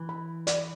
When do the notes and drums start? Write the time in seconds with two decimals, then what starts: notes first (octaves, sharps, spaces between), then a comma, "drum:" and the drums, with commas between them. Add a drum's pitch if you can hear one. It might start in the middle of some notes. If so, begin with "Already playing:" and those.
Already playing: E3
0.09 B5
0.47 D5, drum: hi-hat